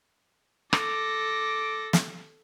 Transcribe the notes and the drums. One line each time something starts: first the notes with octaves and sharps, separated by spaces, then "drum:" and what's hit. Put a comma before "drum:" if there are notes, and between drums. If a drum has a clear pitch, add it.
A4 D6 A#6, drum: rim click
drum: snare